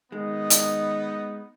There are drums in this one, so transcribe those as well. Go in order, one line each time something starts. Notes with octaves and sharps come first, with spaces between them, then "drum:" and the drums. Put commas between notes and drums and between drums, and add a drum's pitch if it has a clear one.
D#3 G#3 B3 D#4
drum: hi-hat